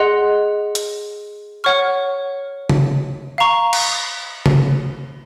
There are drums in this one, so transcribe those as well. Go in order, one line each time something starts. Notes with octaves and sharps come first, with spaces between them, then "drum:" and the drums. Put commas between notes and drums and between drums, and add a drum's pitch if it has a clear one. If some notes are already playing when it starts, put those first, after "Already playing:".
Already playing: G#4 D#5 F#5 C6 F#6
drum: hi-hat
C#5 F#5 C#6 F6
drum: tom C#3
F5 A#5 C#6
drum: cymbal
drum: tom C#3